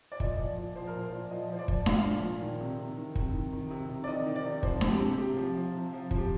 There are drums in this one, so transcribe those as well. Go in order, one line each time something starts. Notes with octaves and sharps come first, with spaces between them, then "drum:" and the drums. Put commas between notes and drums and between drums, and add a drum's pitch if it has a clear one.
D5
A#2 D#5, drum: kick
F3
A#2
F3 C5
A#4
A#2
C5
A#2
F3 D#5
F3 C5
D5
F3, drum: kick
A#2 F5, drum: snare D4
F3
A#2
D#3
C3
C3
D#3
C3, drum: kick
D#3
D#3
C3
C3
D5
D#3 D#5
D#3
D5
C3
F3 C5, drum: kick
C3, drum: snare D4
G4
C3
C3 G4
F3
F3
C3
F3
F3, drum: kick
G4